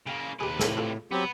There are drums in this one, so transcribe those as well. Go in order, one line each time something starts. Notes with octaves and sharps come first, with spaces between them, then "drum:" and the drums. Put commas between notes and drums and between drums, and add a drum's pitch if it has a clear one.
C#3 A#3 G5
D#2 C3 G4 G#4 B4
A2 A#3 C4 A4, drum: snare
F4 A4
F#3 B3 C4 G4